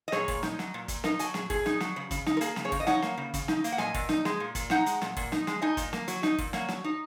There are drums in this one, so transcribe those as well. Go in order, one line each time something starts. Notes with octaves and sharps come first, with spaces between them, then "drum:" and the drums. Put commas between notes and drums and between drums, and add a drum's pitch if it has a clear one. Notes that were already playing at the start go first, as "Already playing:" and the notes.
D#5
A#2 G#4 C#5, drum: snare
A#2, drum: kick, open hi-hat
D#4, drum: snare
F#3, drum: snare
A#2
A#2, drum: kick, hi-hat
D#4 A#4 D#5, drum: snare
F#3 D#5 G#5, drum: hi-hat
A#2 G#4, drum: snare
A#2 G#4, drum: kick, open hi-hat
D#4, drum: snare
F#3, drum: snare
C#3
C#3, drum: kick, hi-hat
D#4, drum: snare
A#4
A#3 G#4, drum: hi-hat
C#3, drum: snare
G#4 C#5
C#3, drum: kick, open hi-hat
D#5
D#4 C#5 F#5, drum: snare
A#3, drum: snare
C#3
C#3, drum: kick, hi-hat
D#4, drum: snare
A#3, drum: hi-hat
F#5
A#2 D#5 G#5, drum: snare
A#2, drum: kick, open hi-hat
D#4, drum: snare
G#3, drum: snare
A#2
A#2, drum: kick, hi-hat
D#4 F#5 A#5, drum: snare
G#3, drum: hi-hat
A#2, drum: snare
A#2, drum: kick, open hi-hat
D#4, drum: snare
G#3, drum: snare
D#4 D#5 G#5
A#2, drum: kick, hi-hat
A#3, drum: snare
F#3, drum: hi-hat
D#4, drum: snare
A#2, drum: kick, open hi-hat
A#3 C#5 F#5, drum: snare
F#3, drum: snare
D#4